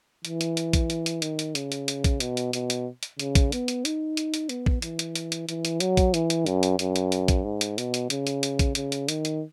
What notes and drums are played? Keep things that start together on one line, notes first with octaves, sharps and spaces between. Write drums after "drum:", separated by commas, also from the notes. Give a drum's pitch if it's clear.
E3, drum: hi-hat
drum: hi-hat
drum: hi-hat
drum: kick A#1, hi-hat
drum: hi-hat
drum: hi-hat
D#3, drum: hi-hat
drum: hi-hat
C#3, drum: hi-hat
drum: hi-hat
drum: hi-hat
drum: kick A#1, hi-hat
B2, drum: hi-hat
drum: hi-hat
B2, drum: hi-hat
drum: hi-hat
drum: hi-hat
C#3, drum: hi-hat
drum: kick A#1, hi-hat
B3, drum: hi-hat
drum: hi-hat
D#4, drum: hi-hat
drum: hi-hat
drum: hi-hat
B3, drum: hi-hat
drum: kick A#1
E3, drum: hi-hat
drum: hi-hat
drum: hi-hat
drum: hi-hat
E3, drum: hi-hat
drum: hi-hat
F#3, drum: hi-hat
drum: kick A#1, hi-hat
E3, drum: hi-hat
drum: hi-hat
F#2, drum: hi-hat
drum: hi-hat
F#2, drum: hi-hat
drum: hi-hat
drum: hi-hat
drum: kick A#1, hi-hat
G#2
drum: hi-hat
B2, drum: hi-hat
drum: hi-hat
C#3, drum: hi-hat
drum: hi-hat
drum: hi-hat
drum: kick A#1, hi-hat
C#3, drum: hi-hat
drum: hi-hat
D#3, drum: hi-hat
drum: hi-hat